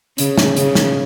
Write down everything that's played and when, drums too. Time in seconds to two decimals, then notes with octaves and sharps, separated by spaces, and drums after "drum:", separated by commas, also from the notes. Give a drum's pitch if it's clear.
0.18 C#3, drum: hi-hat
0.38 drum: snare
0.57 C#3, drum: hi-hat
0.75 drum: snare